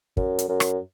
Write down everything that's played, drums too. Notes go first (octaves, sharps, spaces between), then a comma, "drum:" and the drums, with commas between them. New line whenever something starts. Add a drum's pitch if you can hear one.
F#2, drum: kick
drum: hi-hat
F#2
drum: rim click